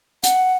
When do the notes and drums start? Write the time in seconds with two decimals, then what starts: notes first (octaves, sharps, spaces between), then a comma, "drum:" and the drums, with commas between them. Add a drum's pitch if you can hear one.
0.23 F#5, drum: hi-hat